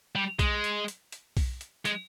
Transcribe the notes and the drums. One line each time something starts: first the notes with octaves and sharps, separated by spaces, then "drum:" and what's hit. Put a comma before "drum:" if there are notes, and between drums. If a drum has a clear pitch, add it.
G3
G#3, drum: kick B1, hi-hat
drum: hi-hat
drum: hi-hat
drum: hi-hat
drum: kick B1, open hi-hat
drum: hi-hat
G#3, drum: hi-hat